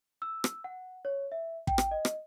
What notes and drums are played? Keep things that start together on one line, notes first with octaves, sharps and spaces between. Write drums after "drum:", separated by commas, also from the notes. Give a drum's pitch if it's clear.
E6
drum: rim click
F#5
C#5
E5
G5, drum: kick
drum: rim click
D#5
drum: rim click